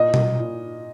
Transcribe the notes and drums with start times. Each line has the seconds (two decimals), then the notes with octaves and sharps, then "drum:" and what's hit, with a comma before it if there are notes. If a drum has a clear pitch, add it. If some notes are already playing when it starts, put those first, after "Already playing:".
Already playing: A#2 D#5
0.14 drum: tom B2
0.39 A#2